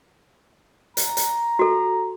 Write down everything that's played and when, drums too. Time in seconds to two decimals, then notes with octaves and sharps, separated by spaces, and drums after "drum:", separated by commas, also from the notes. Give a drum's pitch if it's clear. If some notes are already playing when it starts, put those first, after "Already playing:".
0.97 A#5, drum: hi-hat
1.17 drum: hi-hat
1.59 F#4 A4